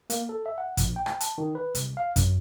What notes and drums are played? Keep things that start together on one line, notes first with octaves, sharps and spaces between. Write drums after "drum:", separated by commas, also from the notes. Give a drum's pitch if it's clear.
A#3, drum: hi-hat
A4
E5
F#5
A#1, drum: kick, hi-hat
G5
drum: rim click
A5, drum: hi-hat
D#3
B4
C2, drum: hi-hat
F5
F#2, drum: kick, hi-hat